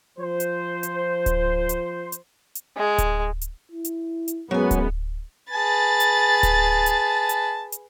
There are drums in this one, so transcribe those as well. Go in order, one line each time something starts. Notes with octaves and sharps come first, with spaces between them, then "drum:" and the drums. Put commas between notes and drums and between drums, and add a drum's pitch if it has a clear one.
F3 C5
drum: hi-hat
drum: hi-hat
drum: kick D1, hi-hat
drum: hi-hat
drum: hi-hat
drum: hi-hat
G#3
drum: kick D1, hi-hat
drum: hi-hat
E4
drum: hi-hat
drum: hi-hat
F#2 F#3 G#3 B3 G#5
drum: kick D1, hi-hat
G#4 B4 A5 A6
drum: hi-hat
drum: kick D1, hi-hat
drum: hi-hat
drum: hi-hat
drum: hi-hat